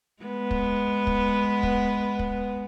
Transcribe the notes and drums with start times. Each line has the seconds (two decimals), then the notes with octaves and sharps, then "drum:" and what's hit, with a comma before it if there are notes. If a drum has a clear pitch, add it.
0.23 G#3 B3
0.51 drum: kick
1.07 drum: kick
1.63 drum: kick
2.19 drum: kick